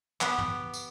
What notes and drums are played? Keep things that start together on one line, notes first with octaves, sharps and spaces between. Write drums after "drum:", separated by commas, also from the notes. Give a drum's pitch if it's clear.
B3 G4, drum: clap
drum: tom
drum: tambourine